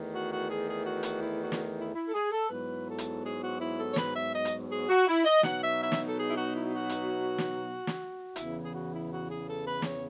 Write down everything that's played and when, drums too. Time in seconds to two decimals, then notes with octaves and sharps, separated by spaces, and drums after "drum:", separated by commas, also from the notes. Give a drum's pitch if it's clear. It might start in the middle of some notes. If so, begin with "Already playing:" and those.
Already playing: E2 D#3 A3
0.12 F#4
0.30 F#4
0.48 G#4
0.66 G#4
0.84 F#4
1.03 F#4, drum: hi-hat
1.21 E4
1.40 F#4
1.52 drum: snare
1.77 E4
1.94 E4
2.08 A4
2.13 G#4
2.31 A4
2.49 G#2 F#3 B3 E4 B4
2.86 A4
2.98 drum: hi-hat
3.23 G#4
3.41 F#4
3.60 E4
3.78 A4
3.91 C#5
3.96 B4, drum: snare
4.15 E5
4.33 D#5
4.45 drum: hi-hat
4.69 G#4
4.88 F#4
5.06 E4
5.24 D#5
5.43 B2 F#3 B3 D#4 F#5, drum: snare
5.61 E5
5.80 E5
5.92 drum: snare
6.06 A4
6.17 G#4
6.28 E4
6.35 F#4
6.52 E4
6.71 F#4
6.89 drum: hi-hat
7.38 drum: snare
7.87 drum: snare
8.36 E2 C#3 E3 B3 E4, drum: hi-hat
8.63 G#4
8.72 F#4
8.92 E4
9.09 F#4
9.27 G#4
9.46 A4
9.64 B4
9.82 C#5, drum: snare